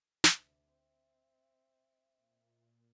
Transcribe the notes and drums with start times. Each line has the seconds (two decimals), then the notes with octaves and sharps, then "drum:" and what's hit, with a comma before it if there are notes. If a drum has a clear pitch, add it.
0.24 D2 C3 E5, drum: snare
0.68 C4
2.15 A#2